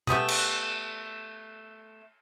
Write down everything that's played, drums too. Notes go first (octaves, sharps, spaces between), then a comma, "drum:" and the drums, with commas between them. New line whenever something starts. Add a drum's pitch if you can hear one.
A3 B3 G4 G#4, drum: tom B2
drum: cymbal